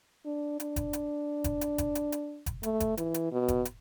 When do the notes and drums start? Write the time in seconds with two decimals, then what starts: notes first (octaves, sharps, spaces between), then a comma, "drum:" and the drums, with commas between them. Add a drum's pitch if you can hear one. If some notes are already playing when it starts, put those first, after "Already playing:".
0.25 D4
0.60 D4, drum: hi-hat
0.76 drum: kick F1, hi-hat
0.93 drum: hi-hat
1.44 drum: kick F1, hi-hat
1.61 drum: hi-hat
1.78 drum: kick F1, hi-hat
1.95 drum: hi-hat
2.12 drum: hi-hat
2.46 drum: kick F1, hi-hat
2.63 A3, drum: hi-hat
2.80 drum: kick F1, hi-hat
2.97 E3, drum: hi-hat
3.14 drum: hi-hat
3.32 B2
3.48 drum: kick F1, hi-hat
3.65 drum: hi-hat